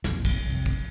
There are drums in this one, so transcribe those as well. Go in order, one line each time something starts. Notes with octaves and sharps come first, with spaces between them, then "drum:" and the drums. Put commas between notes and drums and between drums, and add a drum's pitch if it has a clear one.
B1 F2 A#2, drum: snare
drum: kick, cymbal
C2 F2
drum: kick